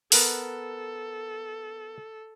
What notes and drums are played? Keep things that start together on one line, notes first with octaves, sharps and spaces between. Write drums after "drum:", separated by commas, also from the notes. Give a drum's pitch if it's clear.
B3 A4 A#4 F#5, drum: open hi-hat